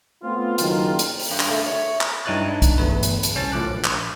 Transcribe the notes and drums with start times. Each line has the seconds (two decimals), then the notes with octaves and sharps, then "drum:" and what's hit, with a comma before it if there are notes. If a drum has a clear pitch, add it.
0.22 A3 B3 C4 F4
0.58 F#1 D#3 F4, drum: hi-hat
0.99 drum: hi-hat
1.19 drum: open hi-hat
1.30 G2
1.40 drum: clap
1.50 A3
1.66 C#5
2.01 drum: clap
2.25 G2 D#4 E4 C#5 F#6 A6
2.48 D4 D#4
2.62 drum: kick, hi-hat
2.78 G1 E2 A3 B4
3.03 drum: hi-hat
3.23 drum: hi-hat
3.35 C2 C#4 A5 A6
3.52 A1 A2 F3 D6 F#6
3.71 A#1
3.84 drum: clap